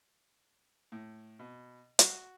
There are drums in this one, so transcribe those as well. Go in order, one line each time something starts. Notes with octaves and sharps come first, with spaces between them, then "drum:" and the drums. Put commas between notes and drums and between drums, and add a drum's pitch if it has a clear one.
A2
B2
F#4, drum: hi-hat